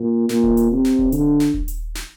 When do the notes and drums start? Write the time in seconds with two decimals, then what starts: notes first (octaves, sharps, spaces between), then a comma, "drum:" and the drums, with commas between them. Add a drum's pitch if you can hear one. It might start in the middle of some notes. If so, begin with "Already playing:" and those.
Already playing: A#2
0.29 A#2, drum: snare
0.43 drum: kick D#1
0.57 drum: hi-hat
0.72 C3
0.85 drum: snare
0.99 drum: kick D#1
1.12 D3, drum: hi-hat
1.40 drum: snare
1.54 drum: kick D#1
1.68 drum: hi-hat
1.96 drum: snare